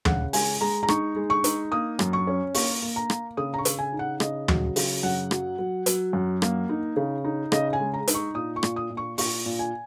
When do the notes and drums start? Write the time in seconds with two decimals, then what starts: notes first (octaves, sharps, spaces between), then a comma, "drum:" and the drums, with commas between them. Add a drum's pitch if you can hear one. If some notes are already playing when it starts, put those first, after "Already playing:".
0.05 C#3 F#5, drum: tom
0.33 G#3 G#5, drum: open hi-hat
0.61 G#3 A#5
0.83 A#5
0.88 D#4 C#6, drum: rim click
1.16 G#3
1.30 C#6
1.44 D#4, drum: hi-hat
1.72 A#3 D#6
1.99 F#2, drum: rim click
2.13 C#6
2.27 C#4
2.54 A#3 C#6, drum: open hi-hat
2.82 A#3
2.96 A#5
3.10 A#3, drum: rim click
3.37 C#3 D#6
3.54 A#5
3.58 C#6
3.65 C#3, drum: hi-hat
3.79 G#5
3.93 D#4
3.99 F#5
4.20 C#3 D#5, drum: rim click
4.48 F#3, drum: tom
4.76 C#3, drum: open hi-hat
5.03 F#2 F#5
5.31 F#3, drum: rim click
5.58 F#3
5.86 F#3, drum: hi-hat
6.13 F#2
6.42 A#3, drum: rim click
6.69 D#4
6.96 C#3
7.25 D#4
7.52 C#3 D#5, drum: rim click
7.73 G#5
7.80 G#3
7.94 A#5
8.08 D#4, drum: hi-hat
8.14 C#6
8.35 A#2 D#6
8.56 C#6
8.63 A#2, drum: rim click
8.76 D#6
8.90 A#2
8.97 C#6
9.18 A#2 C#6, drum: open hi-hat
9.46 A#2
9.59 G#5